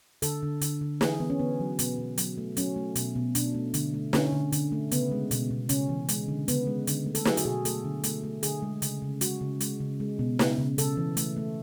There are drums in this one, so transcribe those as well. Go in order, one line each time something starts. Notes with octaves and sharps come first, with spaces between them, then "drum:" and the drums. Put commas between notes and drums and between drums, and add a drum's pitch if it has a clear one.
D3 A4, drum: hi-hat
D3
D3, drum: hi-hat
D3
E3 G#4, drum: snare
E3 B3
C#4
D3 B3
F#3
B2 B3, drum: hi-hat
B2
F#3, drum: hi-hat
A3
F#3 C#4, drum: hi-hat
A3
B2, drum: hi-hat
B2
B2 D4, drum: hi-hat
A3
D3, drum: hi-hat
A3
D3 C#4, drum: snare
D3
D3, drum: hi-hat
A3
C#3 B3, drum: hi-hat
G#3
B2, drum: hi-hat
B2
C#3 C#4, drum: hi-hat
E3
G#3, drum: hi-hat
D3
C#3 B3, drum: hi-hat
G#3
D3, drum: hi-hat
A3
A4, drum: hi-hat
F#3 G#4, drum: snare
F#4, drum: hi-hat
B2 G#4
A3 A4, drum: hi-hat
D3
A3, drum: hi-hat
A3
D3 G#4, drum: hi-hat
G#3
C#3, drum: hi-hat
C#3
G#3 F#4, drum: hi-hat
C#3
G#3, drum: hi-hat
C#3
G#3
B2
C#3, drum: snare
C#3
C#3 A4, drum: hi-hat
E3
A3, drum: hi-hat
A3